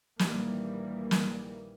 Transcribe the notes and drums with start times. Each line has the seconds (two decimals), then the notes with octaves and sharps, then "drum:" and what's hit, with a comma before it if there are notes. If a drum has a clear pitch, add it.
0.19 A#1 D#3 E3 G3 A#3, drum: snare
1.11 drum: snare